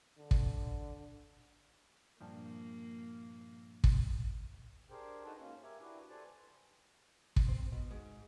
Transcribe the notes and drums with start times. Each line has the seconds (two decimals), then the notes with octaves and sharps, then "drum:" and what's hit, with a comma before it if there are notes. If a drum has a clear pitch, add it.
0.18 D3
0.31 drum: kick
2.21 G2 A#2 F3 A#3
3.84 drum: kick
4.90 D4 G4 G#4 A#4 C5 G5
5.25 D#4 F#4 A4 B4 A5 A#5
5.38 G#2 A#3 C#4
5.63 G4 A#4 E5 G#5
5.81 D4 E4 F#4 G4 B4
6.09 G4 A4 B4 C5 D5 G#5
7.36 drum: kick
7.49 C4
7.72 B2
7.91 G#2